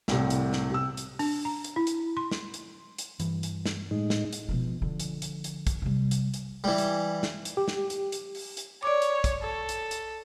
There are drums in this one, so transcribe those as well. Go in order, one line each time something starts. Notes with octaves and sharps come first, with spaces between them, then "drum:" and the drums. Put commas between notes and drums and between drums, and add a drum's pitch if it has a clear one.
C2 A2 C3, drum: snare
drum: hi-hat
drum: snare
C3 E6
drum: hi-hat
D4, drum: open hi-hat
A#5
drum: hi-hat
E4
drum: hi-hat
C6
drum: snare
drum: hi-hat
drum: hi-hat
G2 E3, drum: hi-hat
drum: hi-hat
drum: snare
A2 G#3 D#4
drum: snare
drum: hi-hat
B2 F3
D3 F3
drum: hi-hat
drum: hi-hat
drum: hi-hat
drum: kick, hi-hat
C3 G3
drum: hi-hat
drum: hi-hat
E3 G3
drum: hi-hat
drum: snare
drum: hi-hat
G4
drum: snare
drum: hi-hat
drum: hi-hat
drum: open hi-hat
drum: hi-hat
C#5 D5 D6
drum: hi-hat
drum: kick, hi-hat
A4
drum: hi-hat
drum: hi-hat